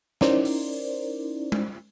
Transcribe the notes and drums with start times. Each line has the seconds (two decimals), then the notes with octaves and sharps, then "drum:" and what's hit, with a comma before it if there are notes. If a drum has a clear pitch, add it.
0.21 C#4 D#4 E4 A#4 C5 D5, drum: snare
0.45 drum: open hi-hat
1.52 drum: tom